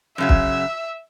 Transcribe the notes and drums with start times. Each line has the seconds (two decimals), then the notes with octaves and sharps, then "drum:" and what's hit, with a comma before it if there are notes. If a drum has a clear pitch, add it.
0.18 F#2 C#3 F#3 E5
0.29 drum: kick